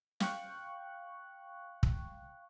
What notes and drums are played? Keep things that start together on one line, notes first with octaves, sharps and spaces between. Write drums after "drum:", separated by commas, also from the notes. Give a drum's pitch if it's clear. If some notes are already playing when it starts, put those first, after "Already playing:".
F5 G5 C#6 F#6, drum: snare
drum: kick